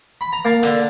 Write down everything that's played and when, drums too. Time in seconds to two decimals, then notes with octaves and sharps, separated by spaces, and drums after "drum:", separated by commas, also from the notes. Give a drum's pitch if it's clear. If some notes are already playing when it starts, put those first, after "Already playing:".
0.21 B5
0.32 A#5
0.45 A#3 A5
0.63 D3, drum: open hi-hat